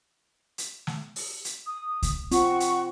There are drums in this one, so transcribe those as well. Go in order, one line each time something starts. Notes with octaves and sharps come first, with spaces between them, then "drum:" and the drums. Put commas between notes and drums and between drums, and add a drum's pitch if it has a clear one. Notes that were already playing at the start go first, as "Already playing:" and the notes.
drum: hi-hat
drum: snare
drum: open hi-hat
drum: hi-hat
D#6
drum: kick C#2, hi-hat
C4 F4 F#5 C#6, drum: hi-hat
drum: hi-hat